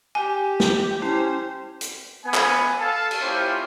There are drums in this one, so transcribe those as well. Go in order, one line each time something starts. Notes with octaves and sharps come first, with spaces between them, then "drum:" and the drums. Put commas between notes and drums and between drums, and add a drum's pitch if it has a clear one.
G4 G#5 D6
drum: snare
C#4 E4 G4 C5 G5
drum: hi-hat
B3 G#5
drum: clap
A4 F5 A5
drum: cymbal
A#3 C#4 E4 F4 G4 C5